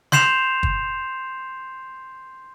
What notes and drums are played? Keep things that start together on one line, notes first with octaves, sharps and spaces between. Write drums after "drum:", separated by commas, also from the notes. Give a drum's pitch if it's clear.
C6 G6 C7 E7 F7, drum: snare
drum: kick